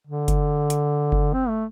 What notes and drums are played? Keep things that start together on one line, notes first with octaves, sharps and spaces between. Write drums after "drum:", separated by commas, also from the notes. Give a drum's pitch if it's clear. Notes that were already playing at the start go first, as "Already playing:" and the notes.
D3
drum: kick F#1, hi-hat
drum: hi-hat
drum: kick F#1
C4
A3